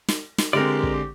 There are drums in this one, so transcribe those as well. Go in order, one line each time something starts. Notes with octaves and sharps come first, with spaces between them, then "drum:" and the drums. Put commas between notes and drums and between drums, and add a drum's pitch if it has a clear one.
drum: snare
drum: snare
D3 G#3 C4 G4 A#4 D5
drum: kick